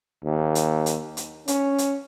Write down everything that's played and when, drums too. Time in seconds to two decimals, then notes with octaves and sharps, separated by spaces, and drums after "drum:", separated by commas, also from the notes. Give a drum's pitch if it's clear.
0.24 D#2
0.55 drum: hi-hat
0.86 drum: hi-hat
1.17 drum: hi-hat
1.48 C#4, drum: hi-hat
1.78 drum: hi-hat